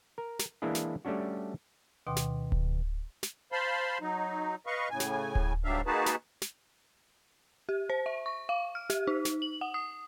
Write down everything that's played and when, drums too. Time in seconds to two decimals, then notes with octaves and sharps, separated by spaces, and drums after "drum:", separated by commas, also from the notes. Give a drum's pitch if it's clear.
0.18 A#4
0.39 drum: snare
0.62 E3 G#3 A#3 D4 E4 G#4
0.75 drum: snare
1.05 G3 A3 C#4 D4 F#4
2.07 D2 B2 D#3 G5 C6 D6
2.16 drum: snare
2.52 drum: kick D1
3.23 drum: snare
3.52 C5 F5 A5 B5 C6
4.01 F#3 D#4
4.67 B4 D#5 F5 C#6
4.90 A2 C#3 G#5
5.00 drum: snare
5.35 drum: kick D1
5.64 G#2 F#3 G3 D4 E5 F5
5.86 A#3 D#4 F#4 G#4 B4 A5
6.06 drum: snare
6.42 drum: snare
7.69 G4
7.90 C5
8.06 E5
8.26 C#6
8.49 F5
8.75 F6
8.90 G4, drum: snare
9.07 D#4
9.25 drum: snare
9.42 F#7
9.61 F#5
9.74 D#6